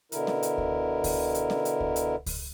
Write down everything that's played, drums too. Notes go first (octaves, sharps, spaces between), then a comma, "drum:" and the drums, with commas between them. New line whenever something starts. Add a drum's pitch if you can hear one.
B2 D3 E4 A#4, drum: hi-hat
drum: snare C#4
drum: hi-hat
drum: kick C#2
drum: kick C#2, open hi-hat
drum: hi-hat
drum: snare C#4
drum: hi-hat
drum: kick C#2
drum: hi-hat
drum: kick C#2, open hi-hat